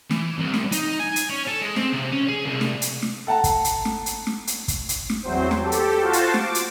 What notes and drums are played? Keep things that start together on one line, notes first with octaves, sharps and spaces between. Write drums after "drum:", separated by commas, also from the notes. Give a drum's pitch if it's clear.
E3, drum: snare
C2
drum: snare
D#4, drum: hi-hat
G#5
drum: hi-hat
C#4
A4
G#3
C4, drum: snare
C3
C#4
G#4
C2
drum: snare
drum: hi-hat
drum: snare
A4 F#5 A5 A#5
drum: kick, hi-hat
drum: hi-hat
drum: snare
drum: hi-hat
drum: snare
drum: hi-hat
drum: kick, hi-hat
drum: hi-hat
drum: snare
E2 F#3 C4 C5
drum: snare
G4 A4
drum: hi-hat
F4 F#4 C5 A5
drum: hi-hat
D6, drum: snare
drum: hi-hat